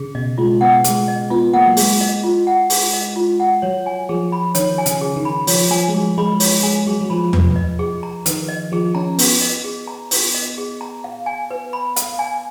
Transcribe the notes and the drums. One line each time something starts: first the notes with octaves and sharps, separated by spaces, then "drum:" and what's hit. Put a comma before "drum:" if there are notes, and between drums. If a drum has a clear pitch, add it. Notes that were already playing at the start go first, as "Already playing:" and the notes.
Already playing: C#3 G#4
B2 D#5
G#3 F4
B3 F#5
G#3 G#4, drum: hi-hat
D#5
B3 F4
A#3 F#5
F#3
G#3 G#4, drum: open hi-hat
D#5
F4
F#5
G#4, drum: open hi-hat
D#5
F4
F#5
F#3 C#5
G#5
F3 G#4
B5
D#3 C#5, drum: hi-hat
G#5
C#3, drum: hi-hat
G#4
D#3
B5
F3 C#5, drum: open hi-hat
F3 G#5
G#3
F#3 G#4
G#3 B5
C#5, drum: open hi-hat
G#3 G#5
F#3 G#4
F#3
F3 B5
B4, drum: tom E2
D#5
G#4
A#5
D#3 B4, drum: hi-hat
D#5
F3 G#4
C#4 A#5
B3 B4, drum: open hi-hat
D#5
G#4
A#5
B4, drum: open hi-hat
D#5
G#4
A#5
F5
G#5
B4
B5
F5, drum: hi-hat
G#5